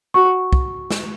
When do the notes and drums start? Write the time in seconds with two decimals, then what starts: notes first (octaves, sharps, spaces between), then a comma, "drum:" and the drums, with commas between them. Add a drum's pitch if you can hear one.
0.14 F#4 C#6
0.53 drum: kick
0.91 drum: snare